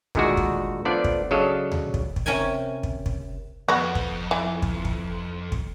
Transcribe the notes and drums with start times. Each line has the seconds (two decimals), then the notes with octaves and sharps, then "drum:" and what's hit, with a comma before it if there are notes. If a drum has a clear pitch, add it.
0.15 A#2 D3 D#3 G#3 A3 F#4, drum: kick
0.37 drum: kick
0.85 F3 A3 B3 D4 D5
1.04 drum: kick
1.31 C#3 F#3 D4 A4 D#5 F5
1.72 drum: tom D2
1.94 drum: kick
2.16 drum: kick
2.26 C3 C#4 A#4 G5 G#5
2.83 drum: kick
3.06 drum: kick
3.68 F2 B3 F#4
3.95 drum: kick
4.31 E3
4.62 drum: kick
4.85 drum: kick
5.52 drum: kick